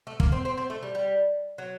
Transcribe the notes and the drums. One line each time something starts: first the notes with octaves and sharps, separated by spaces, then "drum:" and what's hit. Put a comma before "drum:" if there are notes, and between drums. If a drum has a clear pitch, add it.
A3
A#3, drum: kick
C4
C4
C4
A3
G3
G3
F#3